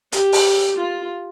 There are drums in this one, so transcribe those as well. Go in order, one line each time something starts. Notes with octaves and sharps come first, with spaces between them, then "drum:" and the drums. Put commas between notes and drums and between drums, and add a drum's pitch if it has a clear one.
G4, drum: hi-hat
drum: open hi-hat
F4